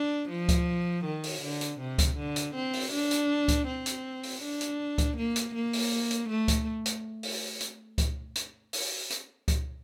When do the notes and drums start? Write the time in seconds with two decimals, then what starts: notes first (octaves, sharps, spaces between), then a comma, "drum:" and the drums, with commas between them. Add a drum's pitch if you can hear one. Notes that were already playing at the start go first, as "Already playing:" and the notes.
Already playing: D4
0.29 F3
0.49 drum: kick C#2, hi-hat
1.05 D#3
1.23 drum: open hi-hat
1.42 D3
1.61 drum: hi-hat
1.80 C3
1.98 drum: kick C#2, hi-hat
2.17 D3
2.36 drum: hi-hat
2.55 C4
2.73 drum: open hi-hat
2.92 D4
3.11 drum: hi-hat
3.48 drum: kick C#2, hi-hat
3.67 C4
3.86 drum: hi-hat
4.23 drum: open hi-hat
4.42 D4
4.61 drum: hi-hat
4.98 drum: kick C#2, hi-hat
5.17 A#3
5.36 drum: hi-hat
5.55 A#3
5.73 drum: open hi-hat
6.11 drum: hi-hat
6.29 A3
6.48 drum: kick C#2, hi-hat
6.86 drum: hi-hat
7.23 drum: open hi-hat
7.60 drum: hi-hat
7.98 drum: kick C#2, hi-hat
8.35 drum: hi-hat
8.73 drum: open hi-hat
9.10 drum: hi-hat
9.48 drum: kick C#2, hi-hat